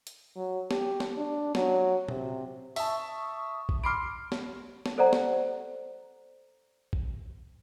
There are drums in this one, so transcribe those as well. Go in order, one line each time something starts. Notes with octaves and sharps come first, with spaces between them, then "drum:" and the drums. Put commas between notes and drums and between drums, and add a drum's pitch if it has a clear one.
drum: hi-hat
F#3
G4, drum: snare
drum: snare
D4
F#3, drum: snare
C3, drum: tom A#2
E5 A5 C#6 D#6, drum: open hi-hat
drum: kick
B5 C6 D6 F6 C7 D7
drum: snare
drum: snare
A4 C5 D5 F#5 A#5
drum: snare
drum: kick